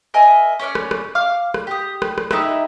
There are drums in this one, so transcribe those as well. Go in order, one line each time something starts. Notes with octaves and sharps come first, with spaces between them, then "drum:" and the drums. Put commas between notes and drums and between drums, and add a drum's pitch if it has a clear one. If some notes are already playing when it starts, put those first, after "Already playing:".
A#4 D#5 E5 G#5
C#4 C#5 D5 F6
drum: rim click
drum: rim click
F5 D6 F6
drum: rim click
G4 D#6
drum: rim click
drum: rim click
D#4 E4 G4 E5, drum: rim click